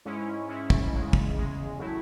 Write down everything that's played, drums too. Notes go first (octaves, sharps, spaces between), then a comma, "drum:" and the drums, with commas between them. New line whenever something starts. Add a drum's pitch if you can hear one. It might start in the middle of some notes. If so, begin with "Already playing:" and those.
G#2 G#3 C#4 E4
G#2 G#3 C#4 E4
drum: kick
E2 C#3 G#3
drum: kick
E2 C#3 G#3
A2 F#3 A3 E4